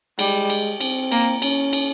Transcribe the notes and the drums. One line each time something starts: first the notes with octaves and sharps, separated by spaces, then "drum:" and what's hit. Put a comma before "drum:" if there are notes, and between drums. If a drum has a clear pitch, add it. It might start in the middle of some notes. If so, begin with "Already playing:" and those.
G3 G#3, drum: cymbal
drum: cymbal
C4, drum: cymbal
A#3, drum: cymbal
C#4, drum: cymbal
drum: cymbal